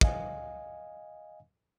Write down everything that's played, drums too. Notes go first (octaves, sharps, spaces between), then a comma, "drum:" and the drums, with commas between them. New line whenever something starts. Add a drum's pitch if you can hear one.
D#5 F5 G#5, drum: kick